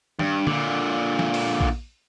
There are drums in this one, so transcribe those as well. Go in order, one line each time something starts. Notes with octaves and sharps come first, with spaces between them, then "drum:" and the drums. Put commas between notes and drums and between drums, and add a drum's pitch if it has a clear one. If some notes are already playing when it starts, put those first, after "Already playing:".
G2, drum: tom
A#2 D3, drum: tom D3
drum: snare
drum: open hi-hat
drum: kick A#1